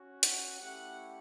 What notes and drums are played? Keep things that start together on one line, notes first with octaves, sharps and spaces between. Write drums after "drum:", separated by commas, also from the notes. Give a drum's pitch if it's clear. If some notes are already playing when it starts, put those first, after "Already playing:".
Already playing: C#4 F#4
F#5, drum: hi-hat
A3 C#4 E4 G4 F#5